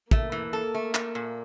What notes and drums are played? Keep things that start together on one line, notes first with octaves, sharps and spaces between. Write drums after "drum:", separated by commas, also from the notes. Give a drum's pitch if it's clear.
A3 A#3, drum: kick
E3
A4
A3
A3, drum: clap
A#2